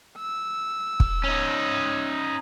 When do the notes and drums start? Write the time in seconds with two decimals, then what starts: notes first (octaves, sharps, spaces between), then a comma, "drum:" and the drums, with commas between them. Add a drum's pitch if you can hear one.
0.19 E6
1.00 drum: kick
1.24 C#4 D#4